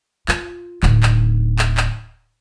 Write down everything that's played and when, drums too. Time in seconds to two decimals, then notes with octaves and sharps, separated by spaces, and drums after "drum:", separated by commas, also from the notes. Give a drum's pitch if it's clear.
0.28 F4, drum: clap
0.83 D1 D#4, drum: clap
1.03 drum: clap
1.59 drum: clap
1.77 drum: clap